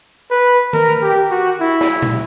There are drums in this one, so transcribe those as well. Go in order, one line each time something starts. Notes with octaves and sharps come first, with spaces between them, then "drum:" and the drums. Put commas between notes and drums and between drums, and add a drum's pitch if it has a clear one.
B4
A#4, drum: tom D#3
G4
F#4
E4
drum: snare
drum: tom A#2